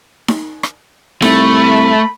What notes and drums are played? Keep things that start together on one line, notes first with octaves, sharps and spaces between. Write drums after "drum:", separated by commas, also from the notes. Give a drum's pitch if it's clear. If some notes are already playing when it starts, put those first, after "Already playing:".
drum: snare D#4
drum: rim click
C2 A3 B5, drum: snare D#4